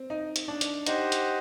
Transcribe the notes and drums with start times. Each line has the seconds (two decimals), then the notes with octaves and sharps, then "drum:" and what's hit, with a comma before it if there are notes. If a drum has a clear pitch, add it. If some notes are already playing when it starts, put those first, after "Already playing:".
Already playing: C4
0.10 D#4
0.36 drum: hi-hat
0.48 D4
0.61 drum: hi-hat
0.87 D#4 G4 C5 D#5 F#5, drum: hi-hat
1.12 drum: hi-hat